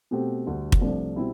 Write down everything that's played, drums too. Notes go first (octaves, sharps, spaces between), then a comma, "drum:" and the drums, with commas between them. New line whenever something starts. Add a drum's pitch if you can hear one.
B2 A3 C4 G4
D2 D3 G3
drum: kick
C2 C3 F3 A3 D4
B2 G3 C4 E4